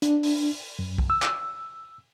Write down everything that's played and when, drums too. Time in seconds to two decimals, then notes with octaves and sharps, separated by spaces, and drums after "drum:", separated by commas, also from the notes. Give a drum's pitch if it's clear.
0.02 D4, drum: hi-hat
0.23 drum: open hi-hat
0.79 F#2
0.98 drum: kick
1.10 E6
1.22 drum: clap